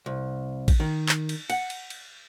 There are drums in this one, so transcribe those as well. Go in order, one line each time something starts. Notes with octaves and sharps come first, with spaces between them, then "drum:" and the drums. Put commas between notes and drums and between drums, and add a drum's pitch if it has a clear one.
C2
drum: kick A1, cymbal
D#3
drum: clap
drum: cymbal
F#5, drum: cymbal
drum: cymbal
drum: cymbal